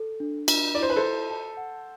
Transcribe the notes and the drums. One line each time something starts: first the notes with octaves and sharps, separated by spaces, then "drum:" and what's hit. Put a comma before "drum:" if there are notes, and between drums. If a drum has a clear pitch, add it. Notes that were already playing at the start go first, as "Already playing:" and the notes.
Already playing: A4
D4
D4, drum: cymbal
E4 D5
C5
B4
A4 C5
A5
A5
F#5